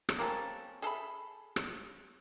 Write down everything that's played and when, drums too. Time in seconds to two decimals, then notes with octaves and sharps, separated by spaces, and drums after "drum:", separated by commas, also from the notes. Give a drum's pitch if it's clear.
0.09 drum: rim click
0.19 A#3 C4 C#4 A4
0.82 G#4 A4 E5 B5
1.56 drum: rim click